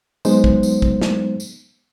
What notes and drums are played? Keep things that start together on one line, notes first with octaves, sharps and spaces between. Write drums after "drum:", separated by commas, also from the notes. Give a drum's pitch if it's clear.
F#3 G#3 B3 D#4 C5, drum: tambourine
drum: kick
drum: tambourine
drum: kick
drum: snare
drum: tambourine